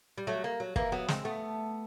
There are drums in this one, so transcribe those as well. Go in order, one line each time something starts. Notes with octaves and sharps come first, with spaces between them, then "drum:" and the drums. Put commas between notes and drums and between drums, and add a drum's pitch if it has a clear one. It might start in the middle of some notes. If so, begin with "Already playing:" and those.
G3
F#3 A3
A#3
F#3
E3 A#3, drum: kick
F#3 B3
G#3 C4, drum: snare
A3 B3